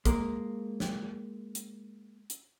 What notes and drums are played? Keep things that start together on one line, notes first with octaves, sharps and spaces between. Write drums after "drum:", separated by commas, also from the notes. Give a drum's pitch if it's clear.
G#3 A#3, drum: kick, hi-hat
drum: snare
drum: hi-hat
drum: hi-hat